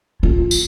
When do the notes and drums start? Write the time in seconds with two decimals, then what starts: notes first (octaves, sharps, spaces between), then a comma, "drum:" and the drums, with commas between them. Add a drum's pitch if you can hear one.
0.23 F4
0.51 drum: tambourine